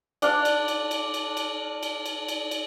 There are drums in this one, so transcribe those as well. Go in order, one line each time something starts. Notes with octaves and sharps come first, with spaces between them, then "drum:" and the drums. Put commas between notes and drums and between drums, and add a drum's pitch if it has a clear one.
D4 F5, drum: cymbal
drum: cymbal
drum: cymbal
drum: cymbal
drum: cymbal
drum: cymbal
drum: cymbal
drum: cymbal
drum: cymbal
drum: cymbal